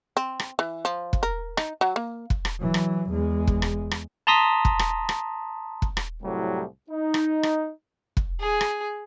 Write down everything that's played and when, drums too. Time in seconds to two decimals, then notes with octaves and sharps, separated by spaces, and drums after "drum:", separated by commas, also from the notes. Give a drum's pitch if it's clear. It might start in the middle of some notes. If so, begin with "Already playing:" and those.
0.17 C4
0.40 drum: rim click
0.59 E3
0.85 F3
1.13 drum: kick
1.23 A#4
1.57 D#4, drum: rim click
1.81 F#3
1.96 A#3
2.30 drum: kick
2.45 drum: rim click
2.59 E3 F#3
2.74 drum: rim click
3.10 E2 G#3
3.47 drum: kick
3.62 drum: rim click
3.91 drum: rim click
4.27 A5 A#5 C6 D#6 A#6 B6
4.65 drum: kick
4.79 drum: rim click
5.09 drum: rim click
5.82 drum: kick
5.97 drum: rim click
6.23 C2 A2 F#3 G3
6.90 D#4
7.14 drum: rim click
7.43 drum: rim click
8.17 drum: kick
8.40 G#4
8.61 drum: rim click